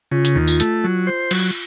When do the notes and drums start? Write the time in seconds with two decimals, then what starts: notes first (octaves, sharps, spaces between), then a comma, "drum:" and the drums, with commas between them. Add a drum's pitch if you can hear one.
0.11 C#3 F4
0.25 drum: hi-hat
0.35 D#2
0.48 F4, drum: tambourine
0.60 A3, drum: hi-hat
0.84 F#3
1.07 C5
1.31 F#3, drum: cymbal